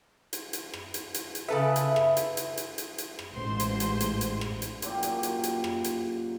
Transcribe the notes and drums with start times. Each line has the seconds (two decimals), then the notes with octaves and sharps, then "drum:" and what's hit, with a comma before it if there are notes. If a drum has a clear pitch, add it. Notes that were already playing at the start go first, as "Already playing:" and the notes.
0.33 drum: hi-hat
0.53 drum: hi-hat
0.74 drum: rim click
0.94 drum: hi-hat
1.14 drum: hi-hat
1.35 drum: hi-hat
1.49 C#3 A4 B4 E5
1.76 drum: hi-hat
1.96 drum: rim click
2.17 drum: hi-hat
2.37 drum: hi-hat
2.57 drum: hi-hat
2.78 drum: hi-hat
2.98 drum: hi-hat
3.19 drum: rim click
3.33 A1 G#2 C5 C6
3.60 drum: hi-hat
3.80 drum: hi-hat
4.00 drum: hi-hat
4.21 drum: hi-hat
4.41 drum: rim click
4.62 drum: hi-hat
4.82 F#2 A#2 G4, drum: hi-hat
5.03 drum: hi-hat
5.23 drum: hi-hat
5.43 drum: hi-hat
5.64 drum: rim click
5.84 drum: hi-hat